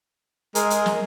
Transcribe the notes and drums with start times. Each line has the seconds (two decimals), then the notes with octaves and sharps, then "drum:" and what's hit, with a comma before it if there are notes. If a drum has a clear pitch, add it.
0.55 G#3 G#4 A#4, drum: hi-hat
0.70 drum: hi-hat
0.86 drum: snare